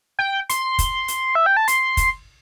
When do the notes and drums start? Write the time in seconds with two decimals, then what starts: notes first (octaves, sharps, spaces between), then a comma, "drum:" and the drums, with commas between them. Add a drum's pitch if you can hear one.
0.19 G5
0.49 C6, drum: hi-hat
0.79 drum: kick, hi-hat
1.08 drum: hi-hat
1.35 E5
1.46 G5
1.57 A5
1.68 C6, drum: hi-hat
1.97 drum: kick, hi-hat